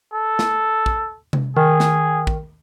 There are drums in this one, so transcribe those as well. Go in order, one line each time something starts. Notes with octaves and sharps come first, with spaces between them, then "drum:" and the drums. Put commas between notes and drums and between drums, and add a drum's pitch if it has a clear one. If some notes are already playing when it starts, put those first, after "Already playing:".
A4
drum: snare
drum: kick
drum: tom C3
D#3 G#4
drum: snare
drum: kick